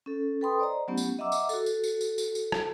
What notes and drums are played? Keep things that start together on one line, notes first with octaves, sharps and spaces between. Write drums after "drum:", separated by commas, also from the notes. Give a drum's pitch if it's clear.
C#4 A4
A4 B4 G5 B5 C6 D#6
C5 D5 D#5 A#5
F#3 A3 B3 C#4 E4 G4
drum: tambourine
D#5 E5 F#5 A#5 D6 E6
drum: tambourine
F#4 A4, drum: tambourine
drum: tambourine
drum: tambourine
drum: tambourine
drum: tambourine
drum: tambourine
drum: rim click